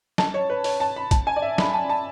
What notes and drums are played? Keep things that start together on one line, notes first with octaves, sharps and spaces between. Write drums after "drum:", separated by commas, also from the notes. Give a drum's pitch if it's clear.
A5, drum: snare
C#5
B4
C#5, drum: open hi-hat
A5
B5
A5, drum: kick, hi-hat
G#5
D5
E5
B5, drum: snare
A5
A5